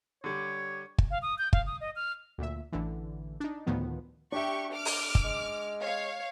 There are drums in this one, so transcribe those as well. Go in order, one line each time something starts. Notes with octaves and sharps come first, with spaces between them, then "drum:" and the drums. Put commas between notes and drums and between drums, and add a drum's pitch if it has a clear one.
D3 G3 C#5
drum: kick
F5
D#6
G6
F5, drum: kick
D#6
D#5
F6
D2 A#2 E5
A1 D3 E3
D4 D#4
D2 A2 D#3 F3 B3
D4 G4 E5 C#6
D6 F6
drum: open hi-hat
drum: kick
G#3
C#5 F5